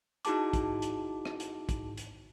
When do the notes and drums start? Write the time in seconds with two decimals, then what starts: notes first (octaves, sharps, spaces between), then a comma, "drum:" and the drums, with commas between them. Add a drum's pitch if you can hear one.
0.25 D#4 E4 F#4 G#4 A5 D6, drum: hi-hat
0.53 drum: kick, hi-hat
0.82 drum: hi-hat
1.25 drum: rim click
1.40 drum: hi-hat
1.69 drum: kick, hi-hat
1.97 drum: hi-hat